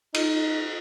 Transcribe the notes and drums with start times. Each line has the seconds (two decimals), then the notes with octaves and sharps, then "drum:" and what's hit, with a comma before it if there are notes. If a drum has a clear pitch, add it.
0.14 D#4 F4, drum: cymbal